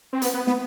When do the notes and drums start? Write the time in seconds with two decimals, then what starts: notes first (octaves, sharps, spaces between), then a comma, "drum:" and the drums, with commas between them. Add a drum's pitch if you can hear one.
0.13 C4
0.22 B3, drum: hi-hat
0.34 B3
0.47 B3, drum: snare